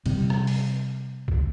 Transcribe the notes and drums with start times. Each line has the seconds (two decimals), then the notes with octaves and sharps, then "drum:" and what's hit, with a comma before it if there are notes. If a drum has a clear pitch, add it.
0.06 C3 G3 C4, drum: cymbal
0.30 drum: rim click
0.47 drum: open hi-hat
1.28 drum: kick C2